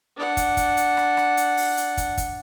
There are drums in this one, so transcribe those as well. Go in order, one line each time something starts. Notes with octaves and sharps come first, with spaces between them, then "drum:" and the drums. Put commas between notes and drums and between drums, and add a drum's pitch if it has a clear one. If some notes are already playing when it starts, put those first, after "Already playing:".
D4 F#5
drum: kick, hi-hat
drum: kick, hi-hat
drum: hi-hat
drum: rim click
drum: rim click
drum: hi-hat
drum: open hi-hat
drum: hi-hat
drum: kick, hi-hat
drum: kick, hi-hat